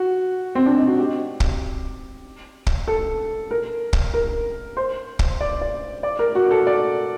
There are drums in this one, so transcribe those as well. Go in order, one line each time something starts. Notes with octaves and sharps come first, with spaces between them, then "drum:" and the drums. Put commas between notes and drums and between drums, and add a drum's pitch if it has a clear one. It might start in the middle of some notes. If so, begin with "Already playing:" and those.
Already playing: F#4
C4
D4
D#4
F#4
G4
drum: kick
drum: kick
A4
A#4
drum: kick
A#4
C5
drum: kick
D5
D5
D5
A#4
F#4
A4
D5